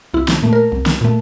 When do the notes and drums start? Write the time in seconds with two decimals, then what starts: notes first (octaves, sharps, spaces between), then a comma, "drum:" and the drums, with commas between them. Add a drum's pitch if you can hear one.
0.14 C2 E4
0.28 drum: snare
0.43 A#2 A3
0.53 A#4
0.72 C2
0.86 drum: snare
1.01 A#2 A3